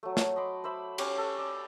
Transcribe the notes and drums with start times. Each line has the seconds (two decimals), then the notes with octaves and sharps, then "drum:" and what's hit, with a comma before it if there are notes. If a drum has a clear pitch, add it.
0.03 F#3 A3
0.17 drum: snare
0.36 D#5 B5 C6 D6
0.64 C5 E5 B5 D6
0.98 C#4 G4, drum: cymbal
1.18 A4
1.38 D5